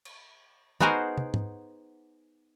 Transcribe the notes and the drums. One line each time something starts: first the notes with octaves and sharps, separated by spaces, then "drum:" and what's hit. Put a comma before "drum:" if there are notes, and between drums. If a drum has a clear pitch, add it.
drum: cymbal
B3 D#4 F#4 G#4 A#4 C5, drum: tom
drum: tom
drum: tom